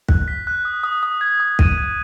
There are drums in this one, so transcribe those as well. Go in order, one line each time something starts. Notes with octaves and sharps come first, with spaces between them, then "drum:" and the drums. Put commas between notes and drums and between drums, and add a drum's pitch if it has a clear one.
F#6, drum: kick
B6
F#6
D#6
D#6
D#6
G#6
D#6
D#7, drum: kick
G#6